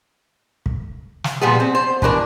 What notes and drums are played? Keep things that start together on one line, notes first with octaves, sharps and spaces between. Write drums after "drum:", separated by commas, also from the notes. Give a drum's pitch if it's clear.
drum: kick
drum: snare
A#2 F3 G3 B3 G#4
C4
C5
B2 E3 D4 A#4, drum: kick